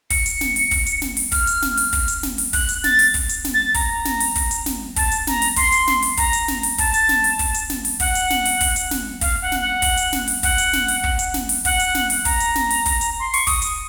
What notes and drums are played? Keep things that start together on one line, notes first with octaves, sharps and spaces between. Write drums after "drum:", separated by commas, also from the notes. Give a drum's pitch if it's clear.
C#7, drum: kick, open hi-hat
drum: hi-hat
drum: snare
drum: open hi-hat
drum: kick, open hi-hat
drum: hi-hat
drum: snare
drum: open hi-hat
F6, drum: kick, open hi-hat
drum: hi-hat
drum: snare
drum: open hi-hat
drum: kick, open hi-hat
drum: hi-hat
drum: snare
drum: open hi-hat
F#6, drum: kick, open hi-hat
drum: hi-hat
A6, drum: snare
drum: open hi-hat
drum: kick, open hi-hat
drum: hi-hat
drum: snare
A6
A#5, drum: kick, open hi-hat
drum: snare
drum: open hi-hat
drum: kick, open hi-hat
drum: hi-hat
drum: snare
A5, drum: kick, open hi-hat
drum: hi-hat
A#5, drum: snare
drum: open hi-hat
C6, drum: kick, open hi-hat
drum: hi-hat
drum: snare
drum: open hi-hat
A#5, drum: kick, open hi-hat
drum: hi-hat
drum: snare
drum: open hi-hat
A5, drum: kick, open hi-hat
drum: hi-hat
drum: snare
drum: open hi-hat
drum: kick, open hi-hat
drum: hi-hat
drum: snare
drum: open hi-hat
F#5, drum: kick, open hi-hat
drum: hi-hat
drum: snare
drum: open hi-hat
drum: kick, open hi-hat
drum: hi-hat
drum: snare
F5, drum: kick, open hi-hat
F#5
drum: snare
F#5
drum: kick, open hi-hat
drum: hi-hat
drum: snare
drum: open hi-hat
F#5, drum: kick, open hi-hat
drum: hi-hat
drum: snare
drum: open hi-hat
drum: kick
drum: hi-hat
drum: snare
drum: open hi-hat
F#5, drum: kick, open hi-hat
drum: hi-hat
drum: snare
drum: open hi-hat
A#5, drum: kick, open hi-hat
drum: hi-hat
drum: snare
drum: open hi-hat
drum: kick, open hi-hat
drum: hi-hat
C6
C#6, drum: open hi-hat
D#6, drum: kick, open hi-hat
drum: hi-hat